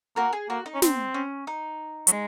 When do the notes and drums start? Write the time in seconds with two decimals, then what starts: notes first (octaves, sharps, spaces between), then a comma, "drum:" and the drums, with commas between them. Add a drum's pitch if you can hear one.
0.16 A#3 F#4 A#4
0.33 G#4
0.49 A#3 F#4
0.66 D#4
0.74 C#4
0.82 C4, drum: snare
1.14 C#4
1.47 D#4
2.07 F#3, drum: hi-hat
2.12 G#3 D#4